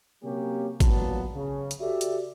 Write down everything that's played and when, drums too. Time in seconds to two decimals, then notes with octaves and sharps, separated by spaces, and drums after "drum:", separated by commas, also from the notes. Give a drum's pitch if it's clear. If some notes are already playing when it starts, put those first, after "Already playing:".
0.23 C3 F#3 A#3 C#4 G4
0.80 A1 A#2 F#3 A#3 B3 A5, drum: kick G#1, hi-hat
1.35 C#3
1.71 drum: hi-hat
1.81 F#4 G4 A4 D5 E5
2.01 drum: hi-hat